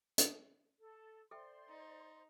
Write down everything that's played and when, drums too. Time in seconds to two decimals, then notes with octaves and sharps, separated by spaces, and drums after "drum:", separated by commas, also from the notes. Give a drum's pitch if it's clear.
0.18 drum: hi-hat
0.80 A4
1.31 A4 C5 D5 E5 G5 C6
1.69 D#4